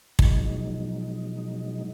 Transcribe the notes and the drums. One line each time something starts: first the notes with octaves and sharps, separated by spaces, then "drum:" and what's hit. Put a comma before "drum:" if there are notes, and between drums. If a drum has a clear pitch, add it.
B2 F3 F#3 G#3 D#4, drum: kick